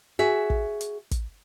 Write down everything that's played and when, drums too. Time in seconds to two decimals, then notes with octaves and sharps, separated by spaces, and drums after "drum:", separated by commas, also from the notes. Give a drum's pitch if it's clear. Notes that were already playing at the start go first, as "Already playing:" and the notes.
0.19 F#4 G#4 E5
0.50 drum: kick
0.81 drum: hi-hat
1.11 drum: kick, hi-hat